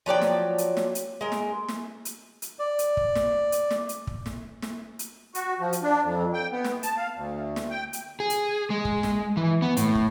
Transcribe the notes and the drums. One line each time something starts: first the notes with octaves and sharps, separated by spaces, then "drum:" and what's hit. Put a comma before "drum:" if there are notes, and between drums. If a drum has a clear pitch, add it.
F3 F#3 D5 G5
drum: snare
drum: hi-hat
drum: snare
drum: hi-hat
G#3 A#4
drum: snare
drum: snare
drum: hi-hat
drum: hi-hat
D5
drum: hi-hat
drum: kick
drum: snare
drum: hi-hat
drum: snare
drum: hi-hat
drum: kick
drum: snare
drum: snare
drum: hi-hat
F#4, drum: hi-hat
F3
drum: hi-hat
D4
F2
G5
B3
drum: snare
A5, drum: hi-hat
F5
D2
drum: snare
G5
drum: hi-hat
G#4
drum: hi-hat
G#3
drum: kick
drum: snare
E3
B3
A2, drum: hi-hat
drum: kick